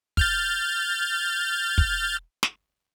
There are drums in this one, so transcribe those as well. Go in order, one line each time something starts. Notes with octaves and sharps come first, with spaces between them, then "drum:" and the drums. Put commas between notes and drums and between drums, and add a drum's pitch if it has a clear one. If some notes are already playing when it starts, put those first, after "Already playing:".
F6 G6 A6, drum: kick
drum: kick
drum: snare